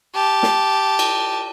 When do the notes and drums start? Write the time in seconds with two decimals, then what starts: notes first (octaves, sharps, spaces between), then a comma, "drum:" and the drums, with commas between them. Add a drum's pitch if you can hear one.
0.15 G4 A5
0.43 drum: snare
0.99 drum: cymbal